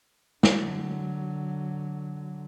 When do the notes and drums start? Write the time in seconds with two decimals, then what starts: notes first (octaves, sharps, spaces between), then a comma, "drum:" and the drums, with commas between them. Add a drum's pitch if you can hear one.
0.43 D3 F#3, drum: snare